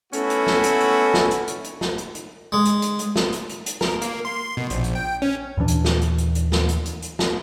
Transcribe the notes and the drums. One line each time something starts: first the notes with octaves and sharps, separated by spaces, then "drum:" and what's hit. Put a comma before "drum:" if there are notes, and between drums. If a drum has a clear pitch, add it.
A3 B3 C#4 E4 F#4, drum: hi-hat
drum: hi-hat
drum: snare
drum: hi-hat
drum: hi-hat
drum: snare
drum: hi-hat
drum: hi-hat
drum: hi-hat
drum: snare
drum: hi-hat
drum: hi-hat
G#3
drum: hi-hat
drum: hi-hat
drum: hi-hat
drum: snare
drum: hi-hat
drum: hi-hat
drum: hi-hat
A#4, drum: snare
A#3, drum: hi-hat
C6
B2
A#1, drum: hi-hat
drum: hi-hat
G5
C#4
D#2 A#2 E3 D4
drum: hi-hat
drum: snare
drum: hi-hat
drum: hi-hat
drum: hi-hat
drum: snare
drum: hi-hat
drum: hi-hat
drum: hi-hat
drum: snare